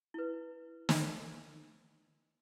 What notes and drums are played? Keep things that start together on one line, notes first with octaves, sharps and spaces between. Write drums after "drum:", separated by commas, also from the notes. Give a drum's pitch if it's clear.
E4 B4
drum: snare